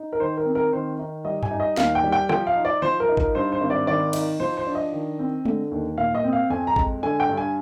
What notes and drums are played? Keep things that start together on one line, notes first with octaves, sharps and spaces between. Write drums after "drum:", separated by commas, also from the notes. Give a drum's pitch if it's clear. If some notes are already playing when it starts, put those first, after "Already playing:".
Already playing: D#4
A#4
D#3 C5
A#4
C4
A#4
D#3 C5
D#4
G3 D#5
G#5, drum: tom F#2
D#4
D#5
D#2 F5, drum: snare
G5
G3
G5
F3 G5, drum: rim click
F5
D#4
D5
F3 C5
A#4
D#4
A#4, drum: kick
G2 C5
C5
G#1
D5
D#3 D5
D#4, drum: cymbal
F3 C5
C5
D4
D#5
D#3
C4
D3, drum: tom G#3
D#2
A#2 F5
D#5
C4
F5
F2 G#5
A#5
G#3, drum: kick
D3 G#5
G5
G2
G#5